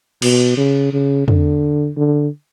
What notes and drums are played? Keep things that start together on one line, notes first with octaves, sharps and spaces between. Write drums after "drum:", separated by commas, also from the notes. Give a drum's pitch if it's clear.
B2, drum: cymbal
C#3
C#3
D3, drum: tom
D3